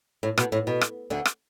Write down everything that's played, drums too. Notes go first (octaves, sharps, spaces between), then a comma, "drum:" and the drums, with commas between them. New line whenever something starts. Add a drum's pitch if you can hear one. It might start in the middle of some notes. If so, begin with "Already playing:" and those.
A2
B2, drum: rim click
A2
B2
drum: rim click
D2 D3
drum: rim click